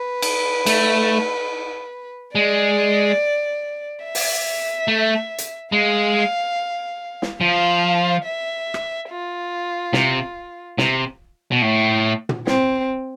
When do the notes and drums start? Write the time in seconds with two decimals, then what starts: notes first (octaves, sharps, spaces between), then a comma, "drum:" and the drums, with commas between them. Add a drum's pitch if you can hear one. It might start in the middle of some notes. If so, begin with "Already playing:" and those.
Already playing: B4
0.22 drum: cymbal
0.66 A3, drum: cymbal
2.34 G#3 D5
4.04 E5
4.15 drum: open hi-hat
4.88 A3
5.38 drum: hi-hat
5.72 G#3 F5
7.22 drum: snare
7.41 F3 F5
8.24 E5
8.74 drum: rim click
9.09 F4
9.93 C3, drum: snare
10.78 C3, drum: snare
11.52 B2
11.62 A2
12.29 drum: tom
12.47 C4, drum: snare